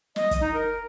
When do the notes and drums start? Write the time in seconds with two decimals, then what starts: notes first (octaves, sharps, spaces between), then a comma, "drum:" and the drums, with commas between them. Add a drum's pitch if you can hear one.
0.16 D#5, drum: snare
0.31 drum: kick, hi-hat
0.41 D#4
0.54 A#4